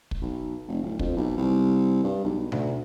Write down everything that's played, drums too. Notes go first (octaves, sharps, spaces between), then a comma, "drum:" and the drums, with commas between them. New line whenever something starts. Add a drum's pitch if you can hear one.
drum: kick
B1
F1
D1
F2, drum: kick
B1
C2
G2
B1
D2, drum: tom B2